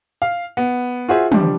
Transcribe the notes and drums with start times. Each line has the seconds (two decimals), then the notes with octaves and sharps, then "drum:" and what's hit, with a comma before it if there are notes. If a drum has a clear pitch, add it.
0.22 F5
0.57 B3
1.08 F4 F#4 G#4 C5 E5
1.32 F3 G3 D4, drum: tom